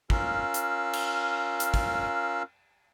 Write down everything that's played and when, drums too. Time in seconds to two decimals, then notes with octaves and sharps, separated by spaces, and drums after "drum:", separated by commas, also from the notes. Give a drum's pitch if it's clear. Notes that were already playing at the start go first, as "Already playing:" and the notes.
0.10 C#4 F4 A#4 F5 E6 F#6, drum: kick
0.54 drum: hi-hat
0.93 drum: cymbal
1.60 drum: hi-hat
1.74 drum: kick